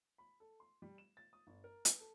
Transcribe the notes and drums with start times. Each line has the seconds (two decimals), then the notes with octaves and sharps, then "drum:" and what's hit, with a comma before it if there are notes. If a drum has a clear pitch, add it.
0.18 B5
0.40 A4
0.60 C6
0.82 G3
0.98 E7
1.17 A6
1.33 D#6
1.47 G1
1.64 A#4
1.85 B4, drum: hi-hat
2.00 A4